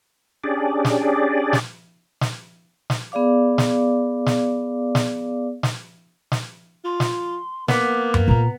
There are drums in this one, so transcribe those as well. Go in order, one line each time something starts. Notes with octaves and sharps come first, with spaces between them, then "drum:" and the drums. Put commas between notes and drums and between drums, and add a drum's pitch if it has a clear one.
C#4 D4 G4 G#4 D5
drum: snare
drum: snare
drum: snare
drum: snare
B3 G#4 D5 F5 D6
drum: snare
drum: snare
drum: snare
drum: snare
drum: snare
F4 C6
drum: snare
A#3 B3 D6, drum: snare
drum: tom F#2
A#2 F4 A#5